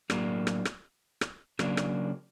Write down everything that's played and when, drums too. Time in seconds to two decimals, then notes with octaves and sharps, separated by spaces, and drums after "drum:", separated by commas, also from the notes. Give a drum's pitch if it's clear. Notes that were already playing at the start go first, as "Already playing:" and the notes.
0.10 A2 F#3 A#3 D4, drum: rim click
0.47 drum: rim click
0.65 drum: rim click
1.21 drum: rim click
1.59 C#3 F#3 A#3 D4, drum: rim click
1.77 drum: rim click